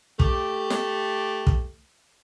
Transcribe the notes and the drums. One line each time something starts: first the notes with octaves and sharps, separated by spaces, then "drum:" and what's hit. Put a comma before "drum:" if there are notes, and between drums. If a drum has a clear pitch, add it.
A3 G4, drum: kick
drum: snare
drum: kick